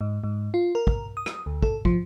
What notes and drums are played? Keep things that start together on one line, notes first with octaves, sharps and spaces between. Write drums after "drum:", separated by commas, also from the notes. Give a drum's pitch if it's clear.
G#2
G#2
F4
A#4
drum: kick
D#6
drum: rim click
D2
A4, drum: kick
F3, drum: kick